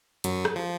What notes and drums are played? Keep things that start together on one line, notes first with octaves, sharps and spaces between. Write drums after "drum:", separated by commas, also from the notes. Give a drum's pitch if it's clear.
F#2 F#3, drum: hi-hat
drum: rim click
F3